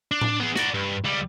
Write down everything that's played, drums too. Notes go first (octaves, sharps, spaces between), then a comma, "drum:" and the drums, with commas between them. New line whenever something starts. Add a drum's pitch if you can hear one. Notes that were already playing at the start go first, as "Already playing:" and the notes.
D4
drum: tom A2
B3 G#4
F#4 D5, drum: snare
G2
C#2 G3